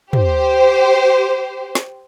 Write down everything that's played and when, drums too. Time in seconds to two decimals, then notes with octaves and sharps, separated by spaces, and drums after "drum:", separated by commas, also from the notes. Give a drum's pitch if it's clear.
0.13 G4 C5, drum: tom
1.75 drum: snare